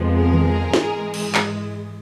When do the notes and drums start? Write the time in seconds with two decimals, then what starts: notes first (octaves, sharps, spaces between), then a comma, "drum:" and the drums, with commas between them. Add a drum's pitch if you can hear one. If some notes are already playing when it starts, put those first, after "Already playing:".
Already playing: F2 C3 F3 G#3 B3
0.14 G#4 A#4
0.33 drum: tom D#3
0.73 G#2 E3 G#3, drum: snare
1.14 drum: cymbal
1.35 drum: clap